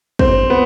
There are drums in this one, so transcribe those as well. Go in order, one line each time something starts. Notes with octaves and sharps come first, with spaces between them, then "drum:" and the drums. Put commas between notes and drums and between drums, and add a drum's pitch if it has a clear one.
C4, drum: kick
B3